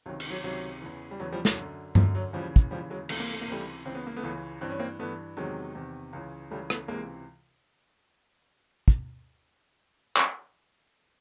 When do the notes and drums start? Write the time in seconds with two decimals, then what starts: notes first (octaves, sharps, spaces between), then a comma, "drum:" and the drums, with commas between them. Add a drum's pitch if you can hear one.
0.06 C#2 C3 D#3 F#3
0.20 drum: cymbal
0.30 F#3
0.43 C#2 C3 D#3 F#3
0.82 E2 C#3 E3
1.11 G3
1.20 E2 C#3 E3 F#3
1.32 F3 G3
1.45 F#3, drum: snare
1.57 F#2 D3
1.95 F#2 D3 F3, drum: tom G2
2.15 F#3
2.33 D#2 C#3 E3 F3 G3
2.56 drum: kick
2.71 D#2 C#3 E3 F3 G3
2.90 F#3 G#3
3.09 C#2 C3 E3 A3, drum: cymbal
3.20 A#3
3.31 A3
3.41 A#3
3.47 C#2 C3 E3 G3 A3
3.85 C#2 C#3 E3 C4
3.95 B3
4.07 A#3
4.17 A3 B3
4.23 C#2 C#3 E3
4.61 G2 E3 C4
4.70 C#4
4.79 A#3 C4
4.99 G2 E3 A3 B3
5.37 E2 C3 D#3 F#3 G#3
5.75 E2 C3 D#3
6.13 C#2 C#3 E3
6.51 C#2 C#3 E3 G3 A3
6.70 A3 B3, drum: rim click
6.88 C#2 C3 E3 G#3 A#3
8.88 drum: kick
10.17 drum: clap